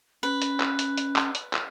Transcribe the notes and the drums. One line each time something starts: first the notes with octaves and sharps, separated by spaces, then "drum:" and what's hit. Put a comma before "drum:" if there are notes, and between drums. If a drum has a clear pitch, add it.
C#4 B4
drum: hi-hat
drum: clap
drum: hi-hat
drum: hi-hat
drum: clap
drum: hi-hat
drum: clap